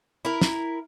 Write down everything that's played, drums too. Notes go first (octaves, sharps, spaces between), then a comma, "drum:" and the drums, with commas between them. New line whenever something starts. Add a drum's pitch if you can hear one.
E4 A#4
drum: snare